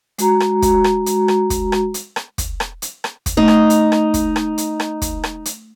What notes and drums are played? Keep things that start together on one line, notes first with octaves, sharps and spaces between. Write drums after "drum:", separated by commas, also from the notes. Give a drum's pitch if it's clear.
G#3 F#4 A#5, drum: hi-hat
drum: rim click
drum: kick, hi-hat
drum: rim click
drum: hi-hat
drum: rim click
drum: kick, hi-hat
drum: rim click
drum: hi-hat
drum: rim click
drum: kick, hi-hat
drum: rim click
drum: hi-hat
drum: rim click
drum: kick, hi-hat
A3 D#4
drum: rim click
drum: hi-hat
drum: rim click
drum: kick, hi-hat
drum: rim click
drum: hi-hat
drum: rim click
drum: kick, hi-hat
drum: rim click
drum: hi-hat